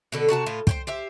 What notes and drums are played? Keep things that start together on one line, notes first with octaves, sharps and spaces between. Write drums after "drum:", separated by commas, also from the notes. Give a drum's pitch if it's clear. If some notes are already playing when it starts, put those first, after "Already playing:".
B2 D3 A4
C3 F#4 A5 A#5
A2 F4
C5 C#5 G5, drum: kick
G4 C5 E5